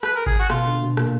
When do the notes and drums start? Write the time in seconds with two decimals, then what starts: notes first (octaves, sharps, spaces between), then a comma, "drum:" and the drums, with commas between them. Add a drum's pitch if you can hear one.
0.03 B4, drum: rim click
0.15 A#4
0.26 G#4, drum: kick G#1
0.39 F#4
0.50 B2 F4, drum: rim click
0.65 D3
0.82 B2
0.97 A#2, drum: rim click